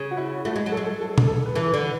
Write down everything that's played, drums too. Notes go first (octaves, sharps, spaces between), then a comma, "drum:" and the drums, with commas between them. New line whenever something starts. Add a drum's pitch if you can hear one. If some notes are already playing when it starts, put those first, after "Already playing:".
Already playing: C#3
F#4
E4
A3 F#4
G#3
F#3
A4
G#3
A4
A4
drum: tom B2
A4
B4
E3 A4
D3
B4